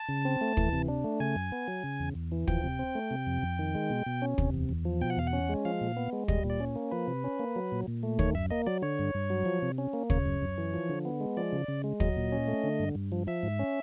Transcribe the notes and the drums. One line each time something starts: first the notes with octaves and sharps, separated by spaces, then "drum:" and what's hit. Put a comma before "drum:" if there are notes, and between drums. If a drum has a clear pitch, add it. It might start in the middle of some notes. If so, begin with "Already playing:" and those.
Already playing: A5
C#3
C4
A3
E3, drum: kick
C3
D4
A3
C#3 G#5
F#2
B3
F#3
C#3
E2
E2
E3
F3 G5, drum: kick
C3
C4
A3
C3
F2
F2
D#3
G#3
B2
B2
C#4
C3, drum: kick
E2
E2
F3
B2 G5
F#5
E2 F5
F#5
C#4
G#3
F3 F5
A#2
B3
G#3
G3 D#5, drum: kick
A#2
D5
C#4
A#3
F3 B4
C3
C#4
A#3
F#3
A#2
A#2
A3
D#3 C#5, drum: kick
F#2 E5
A#3 D#5
F#3 D5
D3 C#5
G2
G2
F#3
F3
C3
C#4
A#3
C#3 C#5, drum: kick
F#2
F#2
E3
F3
D3
B3
G#3
F3 D5
C#3
C#3
G#3
F#3 D#5, drum: kick
A#2
C#4
A3
D3
G2
G2
F3
F3 E5
G#2
C#4